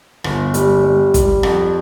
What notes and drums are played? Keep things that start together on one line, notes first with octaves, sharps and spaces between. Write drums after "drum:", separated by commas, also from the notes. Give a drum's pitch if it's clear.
G1, drum: rim click
G3, drum: hi-hat
G3
G3, drum: kick, hi-hat
F2, drum: rim click